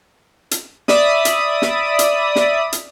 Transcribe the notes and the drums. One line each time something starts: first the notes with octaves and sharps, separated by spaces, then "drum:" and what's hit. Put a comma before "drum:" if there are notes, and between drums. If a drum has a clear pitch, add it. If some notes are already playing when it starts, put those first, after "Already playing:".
drum: hi-hat
D5 E5 B5 D#6, drum: snare
drum: hi-hat
drum: snare
drum: hi-hat
drum: snare
drum: hi-hat